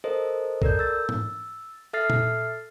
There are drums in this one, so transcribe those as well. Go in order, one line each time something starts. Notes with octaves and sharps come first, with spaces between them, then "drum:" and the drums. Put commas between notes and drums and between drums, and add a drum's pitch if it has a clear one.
A4 A#4 C5 D#5
A4 A#4 D5 G6, drum: kick
E6 A6
drum: tom G#2
A4 E5 F6 A6 C7
drum: tom A#2